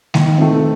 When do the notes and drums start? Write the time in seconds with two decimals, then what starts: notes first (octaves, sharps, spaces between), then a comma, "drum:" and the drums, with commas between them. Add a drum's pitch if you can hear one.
0.14 D#3, drum: snare G#3
0.38 A3 C4